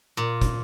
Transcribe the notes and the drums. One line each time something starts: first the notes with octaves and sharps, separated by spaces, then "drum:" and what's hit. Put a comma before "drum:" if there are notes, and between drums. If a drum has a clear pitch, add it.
A#2
drum: kick, hi-hat